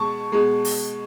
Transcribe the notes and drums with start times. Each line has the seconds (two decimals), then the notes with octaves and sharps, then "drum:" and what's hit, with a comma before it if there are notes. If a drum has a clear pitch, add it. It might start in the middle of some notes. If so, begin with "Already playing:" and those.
Already playing: B2 G#3 A5 C#6
0.32 B2 G#3
0.65 drum: open hi-hat